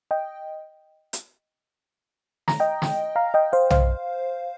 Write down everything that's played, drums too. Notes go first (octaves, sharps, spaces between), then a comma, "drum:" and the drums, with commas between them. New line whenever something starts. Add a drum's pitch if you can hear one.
D#5 G5
drum: hi-hat
A#5, drum: snare
D#5 G5
drum: snare
F5 A#5
D#5 G5
C5 F5
C5 F5, drum: tom B1